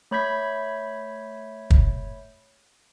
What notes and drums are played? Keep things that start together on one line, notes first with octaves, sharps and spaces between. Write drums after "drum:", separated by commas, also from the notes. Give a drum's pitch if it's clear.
A3 C#5 B5 G6 G#6 B6
drum: kick